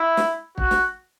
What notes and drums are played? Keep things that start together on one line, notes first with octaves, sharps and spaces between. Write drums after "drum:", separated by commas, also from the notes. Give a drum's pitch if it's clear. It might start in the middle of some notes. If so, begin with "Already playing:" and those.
Already playing: E4
drum: snare
F#4, drum: kick
drum: snare